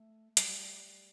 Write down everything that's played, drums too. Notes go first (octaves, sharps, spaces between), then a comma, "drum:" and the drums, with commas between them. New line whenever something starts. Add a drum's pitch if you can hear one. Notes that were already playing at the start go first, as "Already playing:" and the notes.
Already playing: A3
G3, drum: hi-hat